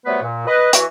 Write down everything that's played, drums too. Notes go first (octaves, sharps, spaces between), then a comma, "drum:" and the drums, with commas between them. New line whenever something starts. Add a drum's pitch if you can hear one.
C3 F#3 G3 A3 B3 B4
A#2
B4 D#5
E3 F#4, drum: hi-hat